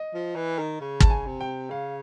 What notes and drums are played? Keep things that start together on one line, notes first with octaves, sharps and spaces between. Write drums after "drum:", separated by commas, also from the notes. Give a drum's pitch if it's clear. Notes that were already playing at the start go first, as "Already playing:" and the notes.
Already playing: D#5
F3
E3
D#3
C#3
A5, drum: kick
G#5
C3
G5
C#3 F5